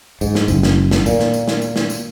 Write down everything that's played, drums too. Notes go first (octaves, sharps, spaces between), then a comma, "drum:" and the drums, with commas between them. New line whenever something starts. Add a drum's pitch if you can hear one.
G#2, drum: tambourine
drum: snare
F#1, drum: tambourine
drum: snare
drum: snare
A#2, drum: tambourine
drum: snare
drum: tambourine
drum: snare
drum: tambourine
drum: snare
drum: tambourine